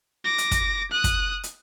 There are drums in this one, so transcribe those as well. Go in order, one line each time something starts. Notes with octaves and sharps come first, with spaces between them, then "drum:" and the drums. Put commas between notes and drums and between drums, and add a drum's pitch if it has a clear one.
D6 A#6
drum: hi-hat
drum: kick, hi-hat
D#6 F#6
drum: kick, hi-hat
drum: hi-hat